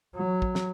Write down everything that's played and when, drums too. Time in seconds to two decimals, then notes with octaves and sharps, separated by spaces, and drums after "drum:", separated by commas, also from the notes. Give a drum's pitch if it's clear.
0.16 F#3
0.42 drum: kick
0.55 drum: snare